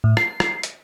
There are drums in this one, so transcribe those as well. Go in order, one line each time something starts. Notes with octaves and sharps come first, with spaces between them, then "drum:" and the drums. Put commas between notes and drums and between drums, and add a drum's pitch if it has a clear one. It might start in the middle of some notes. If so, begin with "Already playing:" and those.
A2
C7, drum: rim click
drum: rim click
drum: hi-hat